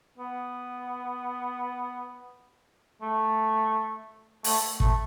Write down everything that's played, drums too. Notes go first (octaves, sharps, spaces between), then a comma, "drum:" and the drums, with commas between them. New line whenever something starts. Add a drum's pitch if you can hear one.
B3
A3
A3, drum: open hi-hat
A3, drum: kick